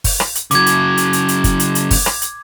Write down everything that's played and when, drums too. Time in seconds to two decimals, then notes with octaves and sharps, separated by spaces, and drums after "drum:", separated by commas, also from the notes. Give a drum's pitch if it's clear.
0.04 drum: kick F#1, open hi-hat
0.20 drum: rim click
0.35 drum: hi-hat
0.51 C#3 F#3 D6 G#6, drum: hi-hat
0.66 drum: hi-hat
0.97 drum: hi-hat
1.13 drum: hi-hat
1.29 drum: hi-hat
1.44 drum: kick F#1, hi-hat
1.60 drum: hi-hat
1.75 drum: hi-hat
1.91 drum: kick F#1, open hi-hat
2.06 drum: rim click
2.22 drum: hi-hat